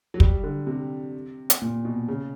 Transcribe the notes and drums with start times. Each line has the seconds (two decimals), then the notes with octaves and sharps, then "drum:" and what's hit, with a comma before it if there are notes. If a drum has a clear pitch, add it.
0.14 F#3
0.20 G3, drum: kick
0.44 D3
0.67 C3
1.50 drum: hi-hat
1.62 A#2
1.85 B2
2.08 C#3